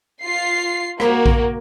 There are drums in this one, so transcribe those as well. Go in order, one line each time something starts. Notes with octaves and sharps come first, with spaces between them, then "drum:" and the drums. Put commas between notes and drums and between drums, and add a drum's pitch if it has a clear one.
F4 C7
A#3 F#4, drum: rim click
drum: kick A#1